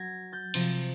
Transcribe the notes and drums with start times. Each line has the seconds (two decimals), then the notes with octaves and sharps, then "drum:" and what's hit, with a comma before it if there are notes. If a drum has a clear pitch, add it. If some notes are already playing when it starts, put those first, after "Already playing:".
Already playing: F#3 G#6 A#6
0.32 G6 A6
0.54 C3 F3, drum: cymbal